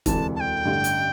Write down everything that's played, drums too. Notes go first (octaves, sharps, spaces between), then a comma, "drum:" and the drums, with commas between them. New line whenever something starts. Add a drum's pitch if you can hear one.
E1 D2 C3 E3 A5, drum: kick, hi-hat
A5
G5
A1 G2 D3
drum: hi-hat